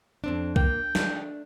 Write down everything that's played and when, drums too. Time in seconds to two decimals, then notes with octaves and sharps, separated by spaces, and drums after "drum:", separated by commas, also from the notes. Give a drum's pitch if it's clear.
0.24 F2 C4 D4
0.56 A#3 G5, drum: kick
0.95 A3 D4, drum: snare